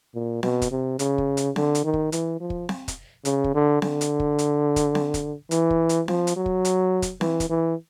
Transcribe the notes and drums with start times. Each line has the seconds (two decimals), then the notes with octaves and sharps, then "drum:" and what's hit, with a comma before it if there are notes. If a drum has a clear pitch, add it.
0.15 A#2
0.43 B2, drum: snare C4
0.62 drum: kick, hi-hat
0.71 C3
0.99 C#3, drum: hi-hat
1.18 drum: kick
1.37 drum: hi-hat
1.56 D3, drum: snare C4
1.75 drum: hi-hat
1.84 D#3
1.94 drum: kick
2.12 E3, drum: hi-hat
2.40 F3
2.50 drum: kick
2.69 drum: snare C4
2.88 drum: kick, hi-hat
3.25 C#3, drum: hi-hat
3.44 drum: kick
3.54 D3
3.82 D3, drum: snare C4
4.01 drum: hi-hat
4.20 drum: kick
4.39 drum: hi-hat
4.76 drum: kick, hi-hat
4.95 drum: snare C4
5.14 drum: kick, hi-hat
5.51 E3, drum: hi-hat
5.70 drum: kick
5.89 drum: hi-hat
6.08 F3, drum: snare C4
6.27 drum: hi-hat
6.36 F#3
6.46 drum: kick
6.65 drum: hi-hat
7.02 drum: kick, hi-hat
7.21 E3, drum: snare C4
7.40 drum: kick, hi-hat
7.49 E3